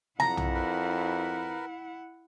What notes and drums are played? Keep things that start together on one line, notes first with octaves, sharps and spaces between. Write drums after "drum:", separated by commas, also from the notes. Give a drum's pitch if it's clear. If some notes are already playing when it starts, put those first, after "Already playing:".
F2 E4 F#5 A#5, drum: snare
drum: tom B1
A#4 B4